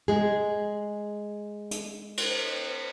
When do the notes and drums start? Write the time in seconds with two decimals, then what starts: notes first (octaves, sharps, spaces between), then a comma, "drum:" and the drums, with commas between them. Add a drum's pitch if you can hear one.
0.08 G#3 G#4
1.71 drum: hi-hat
2.17 drum: cymbal